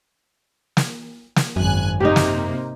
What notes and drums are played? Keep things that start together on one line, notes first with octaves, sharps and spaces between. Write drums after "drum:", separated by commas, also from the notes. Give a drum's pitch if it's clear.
drum: snare
drum: snare
G#1 F#2 G#5 F#6
C3 A#3 D#4 G4
drum: snare